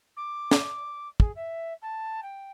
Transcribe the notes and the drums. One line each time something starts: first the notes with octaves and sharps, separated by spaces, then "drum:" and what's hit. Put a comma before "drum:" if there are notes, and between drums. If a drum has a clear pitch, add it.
D6
drum: snare
G#4, drum: kick
E5
A5
G5